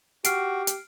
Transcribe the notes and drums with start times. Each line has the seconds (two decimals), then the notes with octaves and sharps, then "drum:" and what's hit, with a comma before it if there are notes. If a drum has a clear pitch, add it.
0.25 F#4 G4 F6 C7 D7, drum: hi-hat
0.67 drum: hi-hat